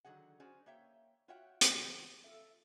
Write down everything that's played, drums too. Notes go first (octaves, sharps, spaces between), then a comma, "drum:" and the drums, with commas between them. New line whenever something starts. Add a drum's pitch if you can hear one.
D3 D#3 F#3 G#4 F#5
C#4 F#4 G#4 C5 D5
A#3 C#5 E5 G5
F4 F#4 C#5 E5 F#5 G5
drum: hi-hat
G#2 C#3 E3 F#4
F4 A4 E5